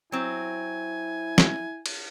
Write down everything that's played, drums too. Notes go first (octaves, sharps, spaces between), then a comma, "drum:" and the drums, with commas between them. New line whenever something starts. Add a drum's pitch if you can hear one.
F#3 C4 E4 G#5
drum: snare
drum: cymbal